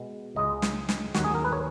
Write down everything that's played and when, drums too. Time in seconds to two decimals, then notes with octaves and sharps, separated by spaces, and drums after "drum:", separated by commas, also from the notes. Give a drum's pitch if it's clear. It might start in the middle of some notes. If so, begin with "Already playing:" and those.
Already playing: B2 G#3 B3
0.36 C#2 C#3 G#3 D#5
0.62 drum: snare
0.89 drum: snare
1.14 D#2 D#3 F#3 F#4, drum: snare
1.25 G#4
1.35 A#4
1.45 B4
1.53 C#5